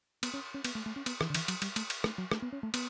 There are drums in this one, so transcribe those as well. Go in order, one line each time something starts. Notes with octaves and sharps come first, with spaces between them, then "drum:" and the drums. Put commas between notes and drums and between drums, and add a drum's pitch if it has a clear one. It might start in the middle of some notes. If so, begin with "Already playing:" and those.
B3, drum: cymbal
C#4
C#4
B3, drum: cymbal
A3
A3
C#4
B3, drum: cymbal
E3, drum: rim click
D3
E3, drum: cymbal
F#3, drum: cymbal
G3, drum: cymbal
A3, drum: cymbal
drum: cymbal
A3, drum: rim click
F#3
A3, drum: rim click
B3
C#4
A3
B3, drum: cymbal